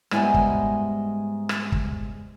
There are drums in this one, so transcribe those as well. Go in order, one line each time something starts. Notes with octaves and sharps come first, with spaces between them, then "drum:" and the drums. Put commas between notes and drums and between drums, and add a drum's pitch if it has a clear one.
G#2 G3 G#3 B3 E4 G#5, drum: rim click
drum: kick
drum: rim click
drum: kick